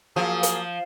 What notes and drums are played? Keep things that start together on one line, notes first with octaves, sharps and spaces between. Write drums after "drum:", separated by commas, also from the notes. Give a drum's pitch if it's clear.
F3 F#3 A#3 G#4
drum: hi-hat